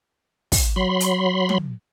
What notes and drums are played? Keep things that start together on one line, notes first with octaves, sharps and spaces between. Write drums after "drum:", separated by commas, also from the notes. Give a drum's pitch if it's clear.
drum: kick, open hi-hat
F#3 B5 C6
drum: hi-hat
drum: tom